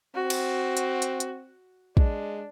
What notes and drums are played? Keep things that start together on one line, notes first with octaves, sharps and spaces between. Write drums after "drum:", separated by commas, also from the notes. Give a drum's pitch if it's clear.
C4 F#4
drum: cymbal
drum: hi-hat
drum: hi-hat
drum: hi-hat
G#3 D4, drum: kick